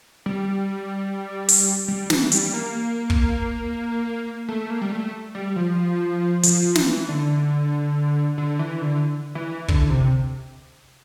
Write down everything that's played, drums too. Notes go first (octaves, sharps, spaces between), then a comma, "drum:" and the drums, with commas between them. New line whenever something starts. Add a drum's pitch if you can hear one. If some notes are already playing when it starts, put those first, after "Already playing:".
G3
drum: open hi-hat
G3
E3, drum: snare
G3, drum: hi-hat
A#3
drum: kick
A3
A#3
G3
A3
G3
F3
F3, drum: hi-hat
E3, drum: snare
D3
D3
E3
D3
E3
D3, drum: kick
C3